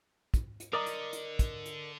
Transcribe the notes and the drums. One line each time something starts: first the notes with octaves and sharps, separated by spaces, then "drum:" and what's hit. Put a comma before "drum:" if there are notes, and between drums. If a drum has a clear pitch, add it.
drum: kick, hi-hat
drum: hi-hat
D3 A#4 D5 D#5 A#5 D6 D#6
drum: hi-hat
drum: hi-hat
drum: kick, hi-hat
drum: hi-hat